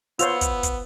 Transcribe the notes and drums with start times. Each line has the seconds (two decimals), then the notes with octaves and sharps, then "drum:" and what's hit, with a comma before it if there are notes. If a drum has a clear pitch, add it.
0.19 B3 F4 C5 C#5 E6 F7, drum: hi-hat
0.41 drum: kick, hi-hat
0.63 drum: kick, hi-hat